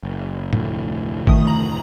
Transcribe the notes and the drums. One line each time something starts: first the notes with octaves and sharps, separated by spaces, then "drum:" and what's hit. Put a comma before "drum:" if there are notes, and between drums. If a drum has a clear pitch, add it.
F#1
F1 D2 A2, drum: tom A2
D#3 A3 D#6, drum: kick G#1
A#5 F#7